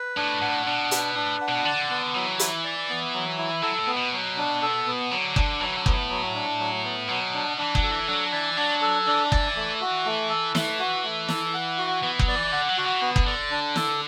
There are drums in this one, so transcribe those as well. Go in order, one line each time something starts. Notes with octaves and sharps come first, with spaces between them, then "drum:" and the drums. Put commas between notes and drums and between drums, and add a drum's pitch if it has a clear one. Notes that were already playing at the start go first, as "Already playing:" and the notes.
Already playing: B4
A2 D4
A2 F#5
B2 D4
B4, drum: hi-hat
A2 D4
F#5
B2
D3 D5
B3
E3 F#3
E4, drum: hi-hat
D5
B3
F#3
E4
F#3 A4
A2
B3
B2
F#3
D4
A4
B3
D3 F#3
D4, drum: kick F#1
E3 F#3
D3
B3, drum: kick F#1
A2
F#3
D4
F#3
B3
B2 F#3
D4
E3 D4
F#3, drum: kick F#1
A4
E3
F#3 D4
E3 D5
F#3 D4
A4
E3 D4
D5, drum: kick F#1
A3
F#4
A3
A4
E3 A3, drum: snare
F#4
A3
A4, drum: snare
F#5
F#4
E3 B3
F#3, drum: kick F#1
D5
E3
D3 F#5
F#3
D3 F#4
E3
D3 B3
drum: kick F#1
D3 D5
D4
A4, drum: snare